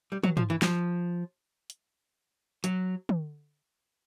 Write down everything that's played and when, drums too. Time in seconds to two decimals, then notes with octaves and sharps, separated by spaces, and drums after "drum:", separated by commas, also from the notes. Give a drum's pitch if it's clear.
0.12 G3
0.24 F#3, drum: tom
0.37 F3, drum: tom
0.50 E3
0.62 F3, drum: snare
1.70 drum: hi-hat
2.64 F#3, drum: hi-hat
3.09 drum: tom